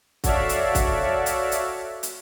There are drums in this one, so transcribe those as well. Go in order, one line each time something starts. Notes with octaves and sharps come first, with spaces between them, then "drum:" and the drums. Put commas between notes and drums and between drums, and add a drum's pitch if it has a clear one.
F#4 A4 C#5 D5 E5 F5, drum: kick, hi-hat
drum: hi-hat
drum: kick, hi-hat
drum: hi-hat
drum: hi-hat
drum: hi-hat